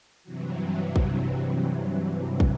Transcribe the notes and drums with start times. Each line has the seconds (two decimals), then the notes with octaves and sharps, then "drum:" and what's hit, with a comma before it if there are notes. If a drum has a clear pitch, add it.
0.23 G2 C3 E3 F#3
0.96 drum: kick
2.40 drum: kick